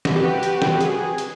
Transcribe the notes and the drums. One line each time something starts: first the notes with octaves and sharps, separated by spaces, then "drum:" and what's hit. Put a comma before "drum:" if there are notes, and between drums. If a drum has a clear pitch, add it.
drum: snare
F#4 G4 B4
drum: hi-hat
drum: snare
G#4, drum: hi-hat
drum: hi-hat